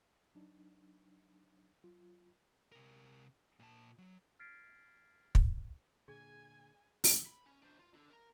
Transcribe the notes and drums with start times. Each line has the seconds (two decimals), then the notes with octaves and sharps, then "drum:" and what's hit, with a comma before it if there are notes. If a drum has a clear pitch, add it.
0.35 F#3 D4 D#4
1.84 F#3 F4
2.72 C3 A#4
3.59 A#2 A5
3.98 F#3
4.40 F6 G#6 A6 B6 C7 D7
5.35 drum: kick
6.08 A#2 D3 G#4 G#5 G#6
7.04 drum: open hi-hat
7.26 B5
7.46 C#4
7.63 D4 C5
7.79 F4
7.94 D4 A4
8.10 A#4 A#5